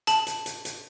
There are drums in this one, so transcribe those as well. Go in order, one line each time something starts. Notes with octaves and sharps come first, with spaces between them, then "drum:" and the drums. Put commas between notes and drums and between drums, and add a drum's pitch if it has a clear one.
A5 F#7, drum: hi-hat
drum: hi-hat
drum: hi-hat
drum: hi-hat